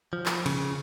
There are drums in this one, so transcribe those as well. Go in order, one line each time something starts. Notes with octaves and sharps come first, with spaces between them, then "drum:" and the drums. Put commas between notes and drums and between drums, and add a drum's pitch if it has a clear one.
F3
drum: clap
C#3, drum: cymbal